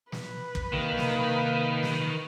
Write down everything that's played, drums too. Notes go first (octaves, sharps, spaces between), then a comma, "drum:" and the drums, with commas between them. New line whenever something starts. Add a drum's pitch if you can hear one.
B4, drum: snare
drum: kick
C3 D#3 A#3
drum: snare
drum: snare